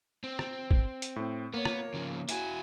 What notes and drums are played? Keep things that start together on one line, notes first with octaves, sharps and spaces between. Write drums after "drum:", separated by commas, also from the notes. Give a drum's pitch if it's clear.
C4
drum: rim click
drum: kick
drum: hi-hat
A2 C4
A#3 B3 C#5
drum: rim click
C#3 F3
E4 F#4 G#5, drum: hi-hat